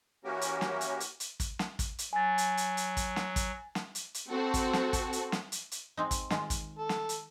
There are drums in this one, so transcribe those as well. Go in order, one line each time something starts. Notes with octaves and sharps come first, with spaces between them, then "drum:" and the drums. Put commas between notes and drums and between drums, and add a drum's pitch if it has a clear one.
E3 A#3 C#4 F#4 G4 A#4
drum: hi-hat
drum: snare
drum: hi-hat
drum: hi-hat
drum: hi-hat
drum: kick, hi-hat
drum: snare
drum: kick, hi-hat
drum: hi-hat
F#3 G#5 A6
drum: hi-hat
drum: hi-hat
drum: hi-hat
drum: kick, hi-hat
drum: snare
drum: kick, hi-hat
drum: snare
drum: hi-hat
drum: hi-hat
C4 F#4 A4
drum: kick, hi-hat
drum: snare
drum: kick, hi-hat
drum: hi-hat
drum: snare
drum: hi-hat
drum: hi-hat
G#3 C4 D#4
drum: kick, hi-hat
D#3 G#3 F4, drum: snare
drum: kick, hi-hat
A4
drum: snare
drum: hi-hat